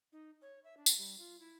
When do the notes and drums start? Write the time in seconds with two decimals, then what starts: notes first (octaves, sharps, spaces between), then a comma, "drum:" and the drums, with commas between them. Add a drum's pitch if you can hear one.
0.12 D#4
0.42 C#5
0.64 E5
0.77 D4
0.86 drum: tambourine
0.98 G3
1.19 F4
1.40 E4